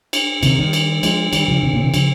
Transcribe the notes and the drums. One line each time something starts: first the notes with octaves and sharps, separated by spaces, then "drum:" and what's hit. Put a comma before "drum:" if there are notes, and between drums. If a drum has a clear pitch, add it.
drum: cymbal
C3 D#3, drum: cymbal
D#3 G3
drum: cymbal
F3 G#3, drum: cymbal
D#3 G3, drum: cymbal
C#3 F3
C3 D#3
A#2 C#3
C3 D#3
C#3 F3, drum: cymbal